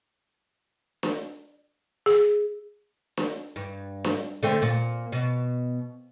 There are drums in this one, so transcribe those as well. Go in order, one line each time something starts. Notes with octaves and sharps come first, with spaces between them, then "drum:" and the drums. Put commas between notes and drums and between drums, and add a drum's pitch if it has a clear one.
drum: snare D4
G#4
drum: snare D4
G2
drum: snare D4
D3 A3 C4
A#2
B2